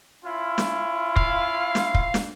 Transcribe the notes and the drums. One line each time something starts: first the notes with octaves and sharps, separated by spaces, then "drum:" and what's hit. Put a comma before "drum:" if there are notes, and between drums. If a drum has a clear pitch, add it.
C#4 E4 F4
drum: snare
F5, drum: kick
drum: snare
drum: kick
drum: snare